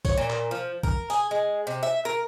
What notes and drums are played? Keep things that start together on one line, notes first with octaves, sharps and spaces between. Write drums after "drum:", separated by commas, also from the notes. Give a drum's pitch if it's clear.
C#5, drum: kick B1, tambourine
A#2
drum: clap
F3
A#4, drum: kick B1
G#4, drum: tambourine
G#3
C3
E5
A#4